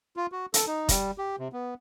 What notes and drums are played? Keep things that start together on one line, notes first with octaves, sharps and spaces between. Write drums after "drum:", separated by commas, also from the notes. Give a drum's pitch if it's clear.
F4
F#4
A4, drum: hi-hat
D#4
G3, drum: kick, hi-hat
G4
C3
B3